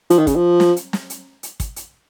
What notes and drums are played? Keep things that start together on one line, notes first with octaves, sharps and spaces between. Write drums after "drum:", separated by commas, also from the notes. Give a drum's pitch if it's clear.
F3, drum: hi-hat
D#3
C#3, drum: kick, hi-hat
F3
drum: snare
drum: hi-hat
drum: snare
drum: hi-hat
drum: hi-hat
drum: kick, hi-hat
drum: hi-hat